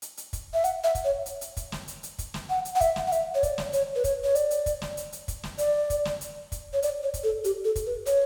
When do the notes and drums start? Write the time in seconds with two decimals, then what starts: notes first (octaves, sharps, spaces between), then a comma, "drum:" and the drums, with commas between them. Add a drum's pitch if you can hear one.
0.02 drum: hi-hat
0.17 drum: hi-hat
0.33 drum: kick, hi-hat
0.54 E5
0.64 F#5, drum: hi-hat
0.84 E5
0.95 drum: kick, hi-hat
1.04 C#5
1.26 drum: hi-hat
1.41 drum: hi-hat
1.57 drum: kick, hi-hat
1.72 drum: snare
1.88 drum: hi-hat
2.03 drum: hi-hat
2.19 drum: kick, hi-hat
2.34 drum: snare
2.50 F#5
2.65 drum: hi-hat
2.75 F#5
2.81 E5, drum: kick, hi-hat
2.96 drum: snare
3.07 F#5
3.12 E5, drum: hi-hat
3.35 C#5
3.43 D5, drum: kick, hi-hat
3.58 drum: snare
3.73 C#5, drum: hi-hat
3.96 B4
4.04 C#5, drum: kick, hi-hat
4.24 C#5
4.35 D5, drum: hi-hat
4.51 drum: hi-hat
4.66 drum: kick, hi-hat
4.82 drum: snare
4.97 drum: hi-hat
5.13 drum: hi-hat
5.28 drum: kick, hi-hat
5.43 drum: snare
5.58 D5, drum: hi-hat
5.90 drum: kick, hi-hat
6.05 drum: snare
6.21 drum: hi-hat
6.52 drum: kick, hi-hat
6.73 C#5
6.82 D5, drum: hi-hat
7.03 C#5
7.14 drum: kick, hi-hat
7.24 A4
7.44 G4, drum: hi-hat
7.65 A4
7.76 drum: kick, hi-hat
7.86 B4
8.06 C#5, drum: hi-hat